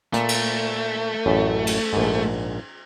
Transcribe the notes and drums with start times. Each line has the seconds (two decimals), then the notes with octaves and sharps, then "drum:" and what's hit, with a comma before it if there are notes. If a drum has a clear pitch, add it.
0.14 A#2 A3, drum: hi-hat
0.29 drum: cymbal
1.26 A1 F#2
1.67 drum: cymbal
1.93 A#1 G#2